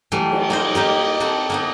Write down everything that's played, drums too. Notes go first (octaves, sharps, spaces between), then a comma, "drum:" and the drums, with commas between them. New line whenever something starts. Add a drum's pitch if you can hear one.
E3 F#3 G3 A3
drum: cymbal
A#3 D#4 C5
A#3 D#4 G4
A#3 C4 A4 F#5
A#3 B3 D#4